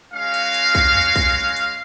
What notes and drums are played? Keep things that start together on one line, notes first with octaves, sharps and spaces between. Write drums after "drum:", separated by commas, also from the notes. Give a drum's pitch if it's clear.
G#3 C#4 F#4 F5
drum: hi-hat
drum: hi-hat
drum: kick, hi-hat
drum: tom E2
drum: kick, hi-hat
drum: hi-hat